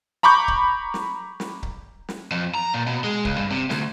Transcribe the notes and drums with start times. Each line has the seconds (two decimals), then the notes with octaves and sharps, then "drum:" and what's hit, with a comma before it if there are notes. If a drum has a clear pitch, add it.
0.23 A#5 B5 C#6 D6 G6
0.48 drum: kick C#1
0.94 drum: snare
1.40 drum: snare
1.63 drum: kick C#1
2.09 drum: snare
2.31 F2
2.55 A#5
2.74 A#2
2.87 B2
3.04 G#3
3.25 C#2, drum: kick C#1
3.38 G2
3.51 C3
3.70 D2, drum: snare